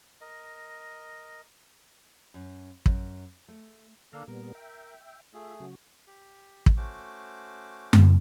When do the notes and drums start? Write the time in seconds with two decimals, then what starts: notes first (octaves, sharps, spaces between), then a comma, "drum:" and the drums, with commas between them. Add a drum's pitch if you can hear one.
0.21 A#4 D#5
2.34 F#2
2.86 F#2, drum: kick
3.48 A3
4.13 D3 A#3 D4 A4 F5 A#5
4.27 A#2 G3 B3 A#4
4.55 E5 G5
5.34 A3 F4 G#4 E5
5.60 C#3 F#3 F#4
6.07 G4
6.66 drum: kick
6.77 A3 C#4 F#4 C5 D6
7.93 drum: tom F#2